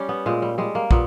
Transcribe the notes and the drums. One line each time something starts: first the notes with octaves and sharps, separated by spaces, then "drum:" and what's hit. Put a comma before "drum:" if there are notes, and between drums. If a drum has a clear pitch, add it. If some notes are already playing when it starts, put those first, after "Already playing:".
Already playing: G3 C#4 G4
B3
A#2 G#3
G3
G3 G#3
A#3
A#2 B3, drum: kick